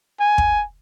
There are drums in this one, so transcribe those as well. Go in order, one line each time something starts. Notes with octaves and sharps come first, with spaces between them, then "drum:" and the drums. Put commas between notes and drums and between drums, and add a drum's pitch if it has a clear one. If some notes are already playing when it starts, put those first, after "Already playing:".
G#5
drum: kick